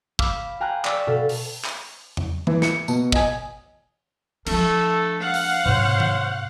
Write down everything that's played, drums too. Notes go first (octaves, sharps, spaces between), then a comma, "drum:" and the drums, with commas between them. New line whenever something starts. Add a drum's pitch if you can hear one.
F5 B5 D6 E6 F6, drum: kick
F5 G5 G#5 A#5 F6 F#6
D5 C#6 D6 E6 F6 B6, drum: clap
B2 A4 F5
drum: open hi-hat
drum: clap
drum: tom E2
E3, drum: tom D#3
C#7, drum: snare
B2, drum: tambourine
D#5 G#5, drum: kick
F3 A3 D4 A4, drum: cymbal
F5 F#5
drum: open hi-hat
G#2 C3 C5 C#5
drum: tom D#3